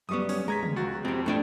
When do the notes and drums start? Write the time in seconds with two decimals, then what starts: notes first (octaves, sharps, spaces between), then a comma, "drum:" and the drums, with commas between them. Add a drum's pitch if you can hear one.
0.09 F#2 G3 B3 C#6 D#6
0.29 C#4 C#5, drum: open hi-hat
0.48 G#3 A#5 G#6 B6
0.63 drum: tom
0.76 C#2 F#4 A6
1.05 F2 C4 G4
1.26 A2 D4 G5